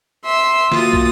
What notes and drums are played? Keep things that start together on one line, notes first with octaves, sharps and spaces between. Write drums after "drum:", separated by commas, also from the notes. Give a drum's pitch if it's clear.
E5 C6 E6
A#3 F4 F#4 D#6 A6, drum: snare
drum: kick